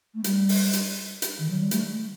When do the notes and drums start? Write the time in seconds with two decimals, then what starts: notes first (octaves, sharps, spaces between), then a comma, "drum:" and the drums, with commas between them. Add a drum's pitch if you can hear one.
0.14 A3
0.24 G3, drum: hi-hat
0.49 drum: open hi-hat
0.73 drum: hi-hat
1.22 drum: hi-hat
1.39 D#3
1.50 F#3
1.60 G3
1.71 A3, drum: hi-hat